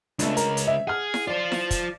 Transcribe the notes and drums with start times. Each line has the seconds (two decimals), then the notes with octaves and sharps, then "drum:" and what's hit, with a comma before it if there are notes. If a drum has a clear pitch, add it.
0.19 C#2 A3 D4, drum: hi-hat
0.37 A#4, drum: hi-hat
0.57 drum: hi-hat
0.68 E5
0.87 G#4 F#5 F6
1.14 drum: snare E4
1.27 F4 C5 D5
1.52 drum: snare E4
1.71 drum: kick, hi-hat